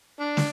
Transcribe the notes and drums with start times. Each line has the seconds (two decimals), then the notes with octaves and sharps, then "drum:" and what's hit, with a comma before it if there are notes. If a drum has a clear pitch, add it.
0.20 D4
0.37 drum: snare